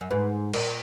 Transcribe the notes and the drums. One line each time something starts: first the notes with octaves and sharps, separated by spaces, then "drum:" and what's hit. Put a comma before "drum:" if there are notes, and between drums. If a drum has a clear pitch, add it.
F#2
G#2 B4
A#2 A#4, drum: cymbal